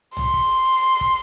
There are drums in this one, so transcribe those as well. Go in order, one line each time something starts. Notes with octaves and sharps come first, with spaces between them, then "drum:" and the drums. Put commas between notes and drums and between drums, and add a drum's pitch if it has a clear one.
C6, drum: tom
drum: kick
drum: kick